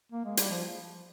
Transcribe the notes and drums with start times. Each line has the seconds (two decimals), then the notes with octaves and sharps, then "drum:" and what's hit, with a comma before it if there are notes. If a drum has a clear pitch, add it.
0.12 A#3
0.25 G#3
0.37 G3, drum: hi-hat
0.50 F3